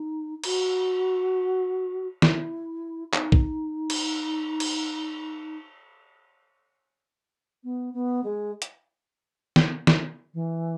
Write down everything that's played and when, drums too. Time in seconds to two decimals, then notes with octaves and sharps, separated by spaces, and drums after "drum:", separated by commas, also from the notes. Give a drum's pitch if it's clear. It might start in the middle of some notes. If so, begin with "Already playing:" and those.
Already playing: D#4
0.44 F#4, drum: cymbal
2.22 E4, drum: snare
3.13 D#4, drum: clap
3.32 drum: kick A#1
3.90 drum: cymbal
4.60 drum: cymbal
7.63 B3
7.93 B3
8.23 G#3
8.62 drum: hi-hat
9.56 drum: snare
9.87 drum: snare
10.33 E3